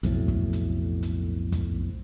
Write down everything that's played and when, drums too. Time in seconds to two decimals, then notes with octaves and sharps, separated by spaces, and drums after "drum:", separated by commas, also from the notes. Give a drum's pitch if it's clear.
0.03 B1 F2 A2, drum: hi-hat
0.28 drum: kick
0.53 drum: hi-hat
1.03 drum: hi-hat
1.52 drum: kick, hi-hat